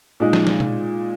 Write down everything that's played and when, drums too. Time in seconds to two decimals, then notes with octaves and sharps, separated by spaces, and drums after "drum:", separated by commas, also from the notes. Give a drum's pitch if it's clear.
0.20 A#2 G#3 D#4
0.33 drum: snare
0.47 drum: snare
0.60 drum: tom B2